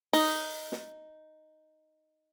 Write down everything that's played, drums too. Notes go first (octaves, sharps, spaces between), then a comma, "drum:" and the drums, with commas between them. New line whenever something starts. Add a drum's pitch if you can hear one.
D#4, drum: open hi-hat
drum: snare